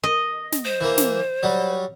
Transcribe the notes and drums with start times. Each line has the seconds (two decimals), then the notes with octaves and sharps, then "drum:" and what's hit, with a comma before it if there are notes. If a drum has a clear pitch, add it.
0.03 D#5
0.52 drum: snare
0.65 C5
0.81 E3 A#3
0.98 drum: snare
1.43 F#3 G3